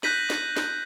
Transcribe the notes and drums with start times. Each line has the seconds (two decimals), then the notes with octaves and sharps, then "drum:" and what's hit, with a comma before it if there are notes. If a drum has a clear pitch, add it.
0.03 F#6 G6 A#6 B6 D#7 F#7, drum: snare
0.30 drum: snare
0.57 drum: snare